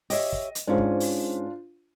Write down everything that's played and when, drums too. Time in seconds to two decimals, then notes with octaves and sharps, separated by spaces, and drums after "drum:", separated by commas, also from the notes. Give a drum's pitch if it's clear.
0.10 G4 C#5 D#5 E5, drum: open hi-hat
0.33 drum: kick
0.55 drum: hi-hat
0.67 G#2 C#4 D4 F4 C5
0.78 drum: kick
1.00 drum: open hi-hat